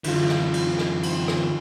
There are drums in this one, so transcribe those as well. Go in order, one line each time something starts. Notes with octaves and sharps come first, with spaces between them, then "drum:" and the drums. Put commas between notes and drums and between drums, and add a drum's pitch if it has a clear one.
F#2 D3 E3 F4, drum: cymbal
drum: rim click
drum: cymbal
drum: rim click
drum: cymbal
drum: rim click